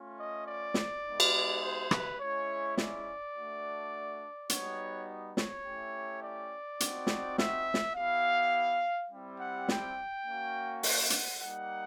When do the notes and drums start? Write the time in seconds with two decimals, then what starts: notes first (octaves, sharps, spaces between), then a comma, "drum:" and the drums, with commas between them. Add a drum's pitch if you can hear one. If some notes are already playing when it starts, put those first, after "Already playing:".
Already playing: A3 C#4 F4
0.19 D#5
0.47 D5
0.74 drum: snare
1.05 G#3 B3 D#4
1.20 drum: cymbal
1.62 C5
1.91 B4, drum: rim click
2.19 G#3 C#4 E4 C#5
2.77 D5, drum: snare
3.35 A3 D4 F#4
4.50 G3 B3 D#4 F#4 C#5, drum: hi-hat
5.37 C#5, drum: snare
5.65 A3 C#4 E4 G4
6.23 D5
6.80 C4 D#4 F#4, drum: hi-hat
7.07 drum: snare
7.38 E5, drum: snare
7.74 drum: snare
7.95 B3 E4 G4 F5
9.10 G3 C4 E4 G4
9.39 F#5
9.68 G5, drum: snare
10.26 A#3 C#4 F#4
10.83 F#5, drum: open hi-hat
11.10 drum: hi-hat
11.40 G3 A#3 D#4 F#5